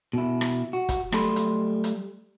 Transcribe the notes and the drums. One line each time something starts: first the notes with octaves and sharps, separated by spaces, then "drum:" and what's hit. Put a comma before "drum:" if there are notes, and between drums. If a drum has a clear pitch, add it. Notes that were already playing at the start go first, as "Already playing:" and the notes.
B2 E4
drum: rim click
F#4
drum: kick, hi-hat
F#3 G3 A3 A4 B5 C6, drum: rim click
drum: hi-hat
drum: hi-hat